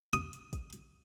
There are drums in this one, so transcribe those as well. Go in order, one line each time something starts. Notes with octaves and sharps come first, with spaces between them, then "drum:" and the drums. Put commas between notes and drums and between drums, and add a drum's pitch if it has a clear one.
D#6, drum: hi-hat
drum: hi-hat
drum: kick, hi-hat
drum: hi-hat